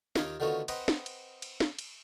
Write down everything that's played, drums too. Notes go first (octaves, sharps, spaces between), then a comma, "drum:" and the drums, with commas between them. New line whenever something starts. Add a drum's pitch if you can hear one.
D#2 D#4 F4 G#5 D6, drum: snare
D3 D#3 A3 B3 F4 F#4
C4 B4 D#5 F#5 C6, drum: cymbal
drum: snare
drum: cymbal
drum: cymbal
drum: snare
drum: cymbal